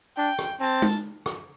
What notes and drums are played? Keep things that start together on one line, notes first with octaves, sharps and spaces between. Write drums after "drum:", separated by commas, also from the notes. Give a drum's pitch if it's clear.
D4 G5
drum: rim click
C4 A5
drum: tom
drum: rim click